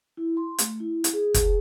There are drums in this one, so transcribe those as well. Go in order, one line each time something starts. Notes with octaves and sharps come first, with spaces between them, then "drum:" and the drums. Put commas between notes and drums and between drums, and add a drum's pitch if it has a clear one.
E4
C6
A3, drum: hi-hat
E4
drum: hi-hat
G#4
drum: kick, hi-hat